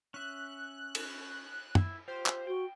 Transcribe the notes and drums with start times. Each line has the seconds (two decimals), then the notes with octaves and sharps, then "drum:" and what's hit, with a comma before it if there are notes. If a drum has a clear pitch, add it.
0.14 C#4 E5 F#6
0.95 drum: cymbal
1.75 E4, drum: tom
2.08 F4 G4 C5
2.26 drum: clap
2.47 F#4 G5